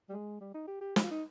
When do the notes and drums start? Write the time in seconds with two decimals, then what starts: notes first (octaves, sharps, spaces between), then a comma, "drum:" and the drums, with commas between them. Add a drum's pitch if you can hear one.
0.09 G3
0.13 G#3
0.41 G3
0.54 D#4
0.68 G4
0.81 G4
0.96 D#4, drum: snare
1.04 F4
1.11 D#4